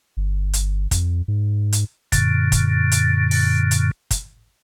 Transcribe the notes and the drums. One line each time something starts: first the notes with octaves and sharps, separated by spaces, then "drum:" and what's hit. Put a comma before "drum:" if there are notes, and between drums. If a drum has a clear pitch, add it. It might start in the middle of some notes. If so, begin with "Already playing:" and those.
G1
drum: hi-hat
F2, drum: kick, hi-hat
G#2
drum: hi-hat
F#2 A#2 D3, drum: kick, hi-hat
drum: kick, hi-hat
drum: hi-hat
drum: open hi-hat
drum: hi-hat
drum: kick, hi-hat